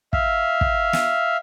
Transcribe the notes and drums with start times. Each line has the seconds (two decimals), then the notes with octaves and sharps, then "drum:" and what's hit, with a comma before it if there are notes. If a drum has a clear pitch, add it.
0.13 E5 F5, drum: kick
0.61 drum: kick
0.93 drum: snare